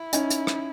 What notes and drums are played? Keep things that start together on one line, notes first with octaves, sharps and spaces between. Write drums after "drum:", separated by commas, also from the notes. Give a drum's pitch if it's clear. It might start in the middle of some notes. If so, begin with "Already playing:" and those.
Already playing: E4
C#4 D#4, drum: hi-hat
drum: hi-hat
drum: rim click